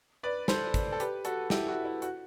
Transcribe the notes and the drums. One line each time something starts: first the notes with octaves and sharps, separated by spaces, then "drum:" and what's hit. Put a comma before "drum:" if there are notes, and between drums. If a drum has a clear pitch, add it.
B4 D5
A4 C5, drum: snare
drum: kick, hi-hat
A4
G4 B4, drum: hi-hat
F#4 A4, drum: hi-hat
E4 G4, drum: snare
F#4
E4
F#4, drum: hi-hat